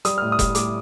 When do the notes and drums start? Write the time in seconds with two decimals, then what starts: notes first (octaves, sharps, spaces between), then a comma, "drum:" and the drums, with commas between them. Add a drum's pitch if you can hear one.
0.05 G3 D#6, drum: hi-hat
0.18 A2 F6
0.32 D#6
0.39 G3, drum: kick F1, hi-hat
0.55 A2 D6, drum: hi-hat